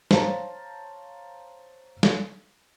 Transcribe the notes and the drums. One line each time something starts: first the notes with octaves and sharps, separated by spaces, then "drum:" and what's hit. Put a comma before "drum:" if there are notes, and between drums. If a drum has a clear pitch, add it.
C5 C#5 F5 A5 A#5, drum: snare
drum: snare